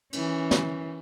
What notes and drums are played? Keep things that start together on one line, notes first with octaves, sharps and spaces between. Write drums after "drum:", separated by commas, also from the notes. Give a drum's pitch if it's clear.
E3 C#4, drum: cymbal
drum: snare